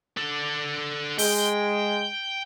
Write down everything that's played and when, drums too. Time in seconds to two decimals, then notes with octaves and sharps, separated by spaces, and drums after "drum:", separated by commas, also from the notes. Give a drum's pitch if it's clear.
0.17 D3 A4
1.19 G#3 G5, drum: open hi-hat